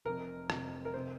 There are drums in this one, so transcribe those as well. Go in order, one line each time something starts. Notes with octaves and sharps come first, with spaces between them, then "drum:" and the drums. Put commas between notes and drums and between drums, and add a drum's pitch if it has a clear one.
F1 F2 C3 A#4
F1 F2 C3, drum: rim click
A#4
C3 C5